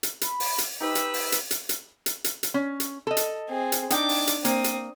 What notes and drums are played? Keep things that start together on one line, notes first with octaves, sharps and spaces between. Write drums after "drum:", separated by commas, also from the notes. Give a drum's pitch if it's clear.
drum: hi-hat
B5, drum: hi-hat
drum: open hi-hat
drum: hi-hat
D#4 G4 B4 C5 E6
drum: hi-hat
drum: open hi-hat
drum: hi-hat
drum: hi-hat
drum: hi-hat
drum: hi-hat
drum: hi-hat
drum: hi-hat
C#4
drum: hi-hat
A4 D#5
drum: hi-hat
C4 G#4
drum: hi-hat
D4 D#4 G5 D6, drum: hi-hat
drum: open hi-hat
drum: hi-hat
A#3 C4 D#6, drum: hi-hat
drum: hi-hat